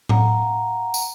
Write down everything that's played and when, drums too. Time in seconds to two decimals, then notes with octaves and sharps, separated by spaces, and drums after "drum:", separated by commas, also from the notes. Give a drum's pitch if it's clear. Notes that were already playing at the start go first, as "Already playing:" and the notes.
0.09 F5 F#5 A#5, drum: tom A2
0.94 drum: tambourine